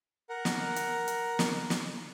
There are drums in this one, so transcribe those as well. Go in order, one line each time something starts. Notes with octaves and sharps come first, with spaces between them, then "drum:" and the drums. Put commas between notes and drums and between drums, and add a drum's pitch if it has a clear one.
A#4 F#5
drum: snare
drum: hi-hat
drum: hi-hat
drum: snare
drum: snare